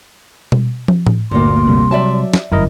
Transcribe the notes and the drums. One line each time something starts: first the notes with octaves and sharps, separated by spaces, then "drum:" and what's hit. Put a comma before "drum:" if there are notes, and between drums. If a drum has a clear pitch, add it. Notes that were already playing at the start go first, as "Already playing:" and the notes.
drum: tom B2
drum: tom
drum: tom A2
G1 D2 A#2 A#3 C6
C3 G3
F#3 D5 E5 A5
drum: snare
G1 F#2 E4 A#4 D#5